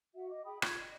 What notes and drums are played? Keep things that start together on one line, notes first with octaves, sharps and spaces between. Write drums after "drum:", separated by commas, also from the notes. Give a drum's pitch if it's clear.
F#4 E5 F#5
D#5 D6
G#4 G5 B5 D#6
F4 G#4 C6 G#6, drum: rim click
D5 D#5